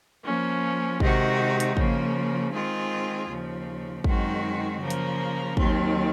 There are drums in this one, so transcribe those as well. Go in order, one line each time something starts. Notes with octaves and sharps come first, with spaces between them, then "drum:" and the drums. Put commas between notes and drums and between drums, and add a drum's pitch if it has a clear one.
F3 A#3 C#4
C3 D#3 G#3 D#4 F#4, drum: kick
drum: hi-hat
C#3 F3 A#3, drum: kick
D#3 G#3 C4 F4 G#4
D#2 C#3 F3
F#2 D#3 G#3 C4 F#4, drum: kick
C#3 F3 A#3
drum: hi-hat
D#2 D#3 F#3 C4, drum: kick